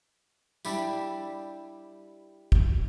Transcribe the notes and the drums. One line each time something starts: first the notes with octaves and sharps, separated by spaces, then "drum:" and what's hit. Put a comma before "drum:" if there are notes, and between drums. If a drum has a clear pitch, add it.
G3 D4 E4 G4, drum: tambourine
drum: kick